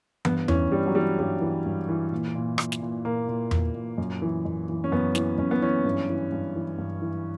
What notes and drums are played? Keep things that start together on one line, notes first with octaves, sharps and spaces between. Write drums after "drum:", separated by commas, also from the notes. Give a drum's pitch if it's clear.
G2 B3, drum: tom E3
E3 C#4, drum: tom E2
G2 G3
F#3
E3 G3
G2 G3
E3
G2
E3
A#2
A#2
A#2, drum: rim click
drum: snare
A#2
A#2 A#3
A#2
A#2, drum: tom E2
A#2
F#2
E3
F#2
E3
C#4
F#2 B3
E3, drum: snare
F#2 C#4
B3
E3 C#4
G2
E3
G2
E3
G2
E3